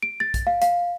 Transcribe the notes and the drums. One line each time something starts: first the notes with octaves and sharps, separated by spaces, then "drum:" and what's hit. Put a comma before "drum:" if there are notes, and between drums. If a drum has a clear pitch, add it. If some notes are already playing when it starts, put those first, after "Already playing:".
D7
A6
drum: kick A#1, hi-hat
F5
F5, drum: hi-hat